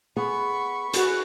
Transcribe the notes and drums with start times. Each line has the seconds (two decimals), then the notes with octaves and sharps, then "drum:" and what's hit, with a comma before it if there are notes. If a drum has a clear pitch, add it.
0.16 B3 G#4 F#5 B5 C#6
0.94 F#4 G#4 B4 F#5, drum: hi-hat